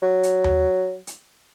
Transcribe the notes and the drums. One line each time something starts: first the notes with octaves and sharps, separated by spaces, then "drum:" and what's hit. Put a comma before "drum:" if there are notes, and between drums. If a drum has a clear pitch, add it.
F#3
drum: hi-hat
drum: tom D#2
drum: hi-hat